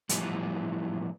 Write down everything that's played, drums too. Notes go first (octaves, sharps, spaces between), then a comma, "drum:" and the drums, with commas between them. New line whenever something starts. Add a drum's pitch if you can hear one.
A2 E3 F3 G3 B3, drum: hi-hat